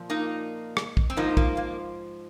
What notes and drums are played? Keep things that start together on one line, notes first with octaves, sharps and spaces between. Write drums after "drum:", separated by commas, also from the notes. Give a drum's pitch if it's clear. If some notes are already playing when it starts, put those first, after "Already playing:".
Already playing: A#2 F3
A#3 D#4
drum: rim click
drum: kick
C4
G#2 F3 A#3 D#4
A#3, drum: kick
A#3